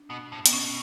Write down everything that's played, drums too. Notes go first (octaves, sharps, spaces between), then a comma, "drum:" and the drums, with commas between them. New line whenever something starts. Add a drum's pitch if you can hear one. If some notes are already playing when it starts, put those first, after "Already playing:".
Already playing: D4
B2
A2
B3, drum: hi-hat
B2 C#4